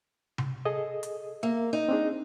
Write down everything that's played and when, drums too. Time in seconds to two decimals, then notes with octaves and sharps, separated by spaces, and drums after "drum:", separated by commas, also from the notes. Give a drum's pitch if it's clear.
0.38 drum: tom C3
0.65 G#4 A4 D#5
1.03 drum: hi-hat
1.43 A#3 E5
1.73 D#4
1.89 C4 D4 G#4